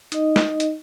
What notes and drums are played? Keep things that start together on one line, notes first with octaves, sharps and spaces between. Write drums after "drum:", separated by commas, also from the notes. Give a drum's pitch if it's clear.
D#4 D#5, drum: hi-hat
drum: snare
drum: hi-hat